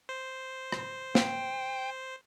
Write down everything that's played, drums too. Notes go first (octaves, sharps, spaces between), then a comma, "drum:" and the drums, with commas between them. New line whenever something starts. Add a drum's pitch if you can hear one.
C5
drum: rim click
G5, drum: snare